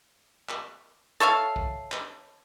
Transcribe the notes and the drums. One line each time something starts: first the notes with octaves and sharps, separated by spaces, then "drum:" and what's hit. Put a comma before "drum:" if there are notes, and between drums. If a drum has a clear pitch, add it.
drum: clap
A4 C#5 E5 F5
drum: kick
drum: clap